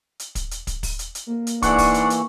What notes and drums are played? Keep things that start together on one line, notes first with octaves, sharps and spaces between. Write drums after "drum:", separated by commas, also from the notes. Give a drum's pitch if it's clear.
drum: hi-hat
drum: kick, hi-hat
drum: hi-hat
drum: kick, hi-hat
drum: kick, open hi-hat
drum: hi-hat
drum: hi-hat
A#3
drum: hi-hat
G#2 E3 D4 F#5 C#6, drum: kick, hi-hat
drum: kick, open hi-hat
drum: hi-hat
drum: hi-hat